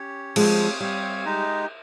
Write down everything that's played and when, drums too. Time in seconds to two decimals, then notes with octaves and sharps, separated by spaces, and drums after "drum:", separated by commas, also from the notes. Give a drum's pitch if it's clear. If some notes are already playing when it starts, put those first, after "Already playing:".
Already playing: C#4 G4 C#5
0.36 F3 G#3 C4 G4 C#5 F5, drum: cymbal
0.80 G3 C4 G4 C#5 F5
1.25 G#3 D#4 G4